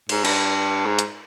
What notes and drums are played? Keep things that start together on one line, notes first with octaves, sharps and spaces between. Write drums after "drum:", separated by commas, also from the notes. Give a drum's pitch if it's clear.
G#2, drum: cymbal
G2, drum: cymbal
G#2
drum: hi-hat